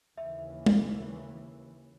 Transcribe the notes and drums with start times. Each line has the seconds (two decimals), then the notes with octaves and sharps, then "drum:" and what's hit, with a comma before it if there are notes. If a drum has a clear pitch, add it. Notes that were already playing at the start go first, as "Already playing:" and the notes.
0.18 D#2 C#3 E3 E5
0.66 drum: tom